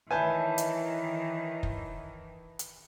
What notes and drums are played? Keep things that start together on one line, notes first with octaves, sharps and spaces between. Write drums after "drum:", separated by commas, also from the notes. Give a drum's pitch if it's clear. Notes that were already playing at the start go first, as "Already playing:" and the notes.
D#3 E3 B4 C#5 E5 G#5 A5 G6
drum: hi-hat
drum: kick
drum: hi-hat